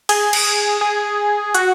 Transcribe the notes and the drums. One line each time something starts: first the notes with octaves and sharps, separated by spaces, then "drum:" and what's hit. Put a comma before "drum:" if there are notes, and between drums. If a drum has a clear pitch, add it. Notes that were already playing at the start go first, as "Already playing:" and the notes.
G#4, drum: cymbal
drum: cymbal
G#4
F#4, drum: hi-hat